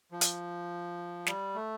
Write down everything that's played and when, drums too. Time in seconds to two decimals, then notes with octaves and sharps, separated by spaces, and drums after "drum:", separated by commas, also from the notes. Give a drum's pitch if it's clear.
0.11 F3
0.21 drum: hi-hat
1.26 G3, drum: snare
1.55 A3